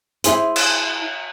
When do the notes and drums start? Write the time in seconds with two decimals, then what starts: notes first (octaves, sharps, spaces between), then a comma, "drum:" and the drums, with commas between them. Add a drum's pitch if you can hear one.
0.24 E4 G#4 C5, drum: hi-hat
0.56 drum: cymbal